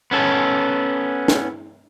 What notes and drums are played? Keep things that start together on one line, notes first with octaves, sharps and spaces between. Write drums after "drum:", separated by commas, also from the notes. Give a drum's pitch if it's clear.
B3 C#4 A4
drum: snare